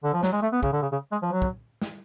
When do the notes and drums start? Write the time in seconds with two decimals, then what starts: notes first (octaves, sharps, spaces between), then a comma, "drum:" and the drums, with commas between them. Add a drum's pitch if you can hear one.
0.04 D3
0.14 F3
0.23 F#3, drum: snare
0.33 G#3
0.42 A3
0.53 B3
0.63 C#3, drum: kick
0.73 D3
0.82 C#3
0.92 C#3
1.12 G#3
1.22 F3
1.32 F#3
1.42 drum: kick
1.82 drum: snare